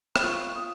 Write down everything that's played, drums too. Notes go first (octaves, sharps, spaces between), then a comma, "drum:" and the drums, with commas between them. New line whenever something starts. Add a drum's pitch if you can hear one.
B5, drum: rim click
F4 C#6
D#6